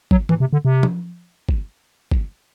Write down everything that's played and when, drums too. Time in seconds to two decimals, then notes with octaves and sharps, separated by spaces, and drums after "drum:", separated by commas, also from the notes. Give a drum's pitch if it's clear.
0.11 F#3, drum: kick
0.29 E3, drum: tom G#2
0.40 C3
0.53 D3
0.65 C3
0.83 drum: tom F3
1.49 drum: kick
2.11 drum: kick